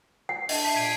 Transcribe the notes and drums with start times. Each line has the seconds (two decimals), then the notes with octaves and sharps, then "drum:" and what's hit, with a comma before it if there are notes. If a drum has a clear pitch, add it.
0.29 F#5
0.49 D4 D#5 E5, drum: open hi-hat
0.65 A5 B6 C7
0.76 A#2 G#6 D7 D#7